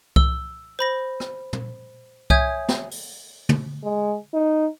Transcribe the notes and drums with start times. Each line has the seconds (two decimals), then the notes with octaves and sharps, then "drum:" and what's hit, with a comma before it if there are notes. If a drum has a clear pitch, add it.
0.16 E6 G7, drum: kick C2
0.79 C5 B5 A#6
1.20 drum: rim click
1.53 drum: tom
2.30 C#5 E5 G#5 D#6 G6 G#6, drum: kick C2
2.68 drum: snare
2.91 drum: open hi-hat
3.49 drum: tom
3.84 G#3
4.33 D#4